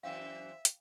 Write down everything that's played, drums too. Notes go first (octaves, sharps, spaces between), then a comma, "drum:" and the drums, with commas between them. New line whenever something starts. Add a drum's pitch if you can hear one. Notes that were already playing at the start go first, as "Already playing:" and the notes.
F#2 E3 C4 E5 F5 G5
drum: hi-hat